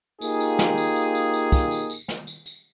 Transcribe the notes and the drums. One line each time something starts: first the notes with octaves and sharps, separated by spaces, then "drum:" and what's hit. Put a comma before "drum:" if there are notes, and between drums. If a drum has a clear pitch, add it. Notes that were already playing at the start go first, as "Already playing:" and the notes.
A#3 D#4 F4 G4 G#4, drum: tambourine
drum: tambourine
drum: snare
drum: tambourine
drum: tambourine
drum: tambourine
drum: tambourine
drum: kick, tambourine
drum: tambourine
drum: tambourine
drum: snare
drum: tambourine
drum: tambourine